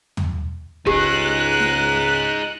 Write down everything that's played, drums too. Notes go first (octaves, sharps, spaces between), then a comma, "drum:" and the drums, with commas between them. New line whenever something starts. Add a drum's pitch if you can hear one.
drum: tom
C#2 D#4 G4 G#4 F#6, drum: kick
drum: snare